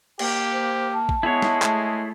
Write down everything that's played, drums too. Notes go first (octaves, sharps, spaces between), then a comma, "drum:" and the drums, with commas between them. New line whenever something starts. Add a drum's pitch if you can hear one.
A#3 G4, drum: cymbal
C5
A5
drum: kick A1
G#3 B3 E4 G#4 C#5
drum: snare
A3, drum: clap